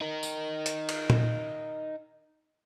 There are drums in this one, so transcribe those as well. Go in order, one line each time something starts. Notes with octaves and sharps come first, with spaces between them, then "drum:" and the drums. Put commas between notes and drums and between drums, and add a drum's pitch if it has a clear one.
D#4 A#4
drum: tambourine
drum: hi-hat
drum: cymbal
drum: tom A#2